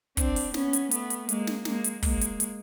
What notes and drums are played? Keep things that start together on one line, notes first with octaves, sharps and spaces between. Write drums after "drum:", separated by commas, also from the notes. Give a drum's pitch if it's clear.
C4 D4, drum: kick, hi-hat
drum: open hi-hat
B3 C#4, drum: snare
drum: hi-hat
A3 B3, drum: hi-hat
drum: hi-hat
G#3 A#3, drum: hi-hat
drum: snare
G#3 A#3, drum: snare
drum: hi-hat
G#3 A#3, drum: kick, open hi-hat
drum: hi-hat
drum: hi-hat